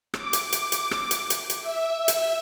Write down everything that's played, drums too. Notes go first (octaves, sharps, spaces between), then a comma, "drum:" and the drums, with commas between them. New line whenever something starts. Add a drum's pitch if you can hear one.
D6, drum: rim click
drum: hi-hat
drum: hi-hat
drum: hi-hat
drum: rim click
drum: hi-hat
drum: hi-hat
drum: hi-hat
E5
drum: hi-hat